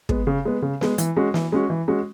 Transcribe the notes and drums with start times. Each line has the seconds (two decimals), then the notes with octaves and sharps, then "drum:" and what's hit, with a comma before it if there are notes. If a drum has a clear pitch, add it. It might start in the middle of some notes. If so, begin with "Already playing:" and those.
0.09 G#3 B3, drum: kick
0.27 C#3
0.45 G#3 B3
0.62 C#3
0.81 G#3 B3, drum: snare
0.98 E3, drum: hi-hat
1.17 G#3 C#4 F#4
1.34 E3, drum: snare
1.52 G#3 C#4 F#4
1.70 E3
1.88 G#3 C#4 F#4